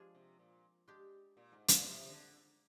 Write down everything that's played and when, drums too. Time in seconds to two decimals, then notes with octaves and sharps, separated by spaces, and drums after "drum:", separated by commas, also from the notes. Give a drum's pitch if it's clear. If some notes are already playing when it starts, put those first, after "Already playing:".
Already playing: F3 G#3 D4 G#4
0.15 C3
0.39 A#2
0.88 G#3 D4 G4
1.37 A#2
1.52 G#2
1.68 A#2, drum: hi-hat
1.85 C3 G#3 D4 F4
2.09 D3